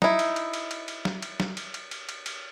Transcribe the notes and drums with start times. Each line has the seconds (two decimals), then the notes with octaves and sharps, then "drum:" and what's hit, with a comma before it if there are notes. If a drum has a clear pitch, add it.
0.02 D#4 E4, drum: snare
0.19 drum: cymbal
0.36 drum: cymbal
0.53 drum: cymbal
0.71 drum: cymbal
0.88 drum: cymbal
1.05 drum: snare
1.22 drum: cymbal
1.40 drum: snare
1.57 drum: cymbal
1.74 drum: cymbal
1.91 drum: cymbal
2.09 drum: cymbal
2.26 drum: cymbal